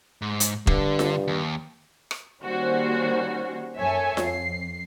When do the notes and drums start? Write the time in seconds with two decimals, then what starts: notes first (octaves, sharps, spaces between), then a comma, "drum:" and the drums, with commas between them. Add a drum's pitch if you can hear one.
0.22 G#2
0.40 drum: hi-hat
0.67 G2 D3, drum: kick E1
0.99 drum: snare F4
1.27 D#2
2.11 drum: rim click
2.43 D#3 G3 A#3 C#4 F#4 C5
3.78 F#2 A4 C#5 E5 G#5 G#6
4.17 F2 C7, drum: snare F4